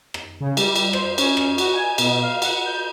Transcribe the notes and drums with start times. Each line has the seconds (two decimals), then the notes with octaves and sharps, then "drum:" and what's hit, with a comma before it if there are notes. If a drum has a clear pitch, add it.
0.14 drum: rim click
0.40 C#3
0.57 G3, drum: cymbal
0.76 drum: cymbal
0.93 C5, drum: rim click
1.18 C#4, drum: cymbal
1.37 drum: rim click
1.58 F#4, drum: cymbal
1.73 G#5
1.98 B2, drum: cymbal
2.22 F5
2.42 F#5, drum: cymbal
2.65 G6